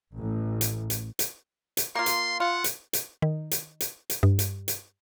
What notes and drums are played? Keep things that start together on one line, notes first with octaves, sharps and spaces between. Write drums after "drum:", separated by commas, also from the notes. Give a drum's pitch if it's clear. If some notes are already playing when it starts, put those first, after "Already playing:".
A1
drum: hi-hat
drum: hi-hat
drum: hi-hat
drum: hi-hat
A#3 F4 C6
drum: hi-hat
F4 F#5
drum: hi-hat
drum: hi-hat
D#3
drum: hi-hat
drum: hi-hat
drum: hi-hat
G2
drum: hi-hat
drum: hi-hat